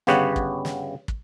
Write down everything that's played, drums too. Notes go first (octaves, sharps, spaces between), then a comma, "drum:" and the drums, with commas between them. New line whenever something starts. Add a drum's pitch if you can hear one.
G1 C#3 B3 G4 C#5 F#5, drum: snare
drum: kick
drum: snare
drum: kick